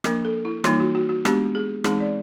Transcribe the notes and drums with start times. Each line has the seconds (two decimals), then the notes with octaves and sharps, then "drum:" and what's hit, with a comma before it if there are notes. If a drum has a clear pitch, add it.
0.04 F3 A#3 D4 A#4, drum: rim click
0.25 A4
0.45 E4
0.64 E3 G3 A#3 D#4 F4, drum: rim click
0.80 F#4
0.95 F#4
1.09 F#4
1.25 G#3 B3 D4 G4, drum: rim click
1.55 G#4
1.84 E3 G#3 C4 D#4 G#4, drum: rim click
2.00 D5